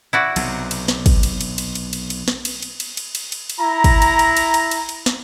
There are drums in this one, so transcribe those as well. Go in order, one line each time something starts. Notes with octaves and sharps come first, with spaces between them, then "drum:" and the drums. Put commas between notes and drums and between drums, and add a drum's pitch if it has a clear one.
E4 F#4 D5
B1 C3, drum: cymbal
drum: cymbal
drum: snare
drum: kick, cymbal
drum: cymbal
drum: cymbal
drum: cymbal
drum: cymbal
drum: cymbal
drum: cymbal
drum: snare
drum: cymbal
drum: cymbal
drum: cymbal
drum: cymbal
drum: cymbal
drum: cymbal
drum: cymbal
E4 A#5
drum: kick, cymbal
drum: cymbal
drum: cymbal
drum: cymbal
drum: cymbal
drum: cymbal
drum: cymbal
drum: snare